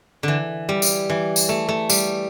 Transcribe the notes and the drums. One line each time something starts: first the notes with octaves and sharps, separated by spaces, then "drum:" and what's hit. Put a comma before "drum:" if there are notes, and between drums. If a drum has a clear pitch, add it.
D3 E3
G3
drum: tambourine
E3
drum: tambourine
A3
A3
G3, drum: tambourine